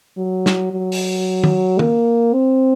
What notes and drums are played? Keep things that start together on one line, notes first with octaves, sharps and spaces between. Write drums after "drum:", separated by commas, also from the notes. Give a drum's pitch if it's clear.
F#3
drum: snare
F#3
drum: open hi-hat
drum: tom
A#3, drum: tom D#3
C4